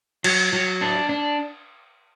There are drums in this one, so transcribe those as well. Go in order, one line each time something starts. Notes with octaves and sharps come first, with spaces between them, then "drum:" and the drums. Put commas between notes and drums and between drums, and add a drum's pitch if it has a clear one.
F#3, drum: cymbal
F#3
D4
D4